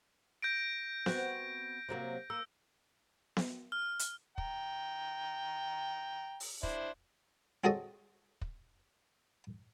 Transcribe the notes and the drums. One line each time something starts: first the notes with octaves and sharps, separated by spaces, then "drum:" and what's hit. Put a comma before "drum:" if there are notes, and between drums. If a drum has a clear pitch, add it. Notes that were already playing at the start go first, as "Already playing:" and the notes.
G6 A#6 D7
B3 C4 F#4, drum: snare B3
C3 F#3 A#3
A#3 E6
drum: snare B3
F6
drum: hi-hat
G5 A#5, drum: kick
drum: open hi-hat
D4 E4 C5, drum: kick
C4 F#4 G#4 A4 C#5 D#5
drum: kick